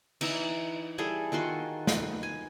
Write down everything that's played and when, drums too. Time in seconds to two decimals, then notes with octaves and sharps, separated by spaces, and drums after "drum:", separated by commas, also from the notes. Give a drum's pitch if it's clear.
0.21 E3 D#4 E5, drum: cymbal
0.98 G3 E4 G#4 A4
1.32 D#3 F4 F#4 C6
1.87 B4, drum: snare
2.23 G#5